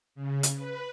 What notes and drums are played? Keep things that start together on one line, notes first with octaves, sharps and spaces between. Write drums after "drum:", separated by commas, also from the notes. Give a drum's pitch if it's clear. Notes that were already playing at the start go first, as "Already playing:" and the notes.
C#3
drum: hi-hat
B4